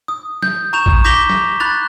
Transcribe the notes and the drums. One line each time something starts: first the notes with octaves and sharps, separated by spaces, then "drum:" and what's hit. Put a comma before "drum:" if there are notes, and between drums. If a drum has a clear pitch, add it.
D#6
G6, drum: snare
A#5 C#6 G6 E7 F7
drum: kick A1
D6 G6 A#6 B6 F7 G7
drum: snare
B5 F#6 A6 F7